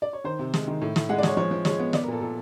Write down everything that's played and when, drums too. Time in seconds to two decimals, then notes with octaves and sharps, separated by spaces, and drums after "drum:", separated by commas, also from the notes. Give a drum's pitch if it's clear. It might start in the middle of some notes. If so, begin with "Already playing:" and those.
0.02 D5
0.13 C#5
0.24 D#3 C5
0.39 C3
0.54 G#3, drum: snare
0.68 D#3
0.81 A2
0.96 A2, drum: snare
1.09 G#3 F#5
1.18 D5
1.23 G#3 C#5, drum: snare
1.37 F3 C#5
1.51 F3
1.65 G#3 C#5, drum: snare
1.79 B3
1.93 B3 D5, drum: snare
2.03 A#4
2.08 A#2 A4
2.21 A#2 A4